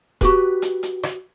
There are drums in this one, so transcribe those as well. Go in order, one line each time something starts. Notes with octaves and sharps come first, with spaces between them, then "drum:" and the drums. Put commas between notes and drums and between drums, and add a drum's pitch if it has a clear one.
F#4 G4 B4, drum: kick E1, hi-hat
drum: hi-hat
drum: hi-hat
drum: rim click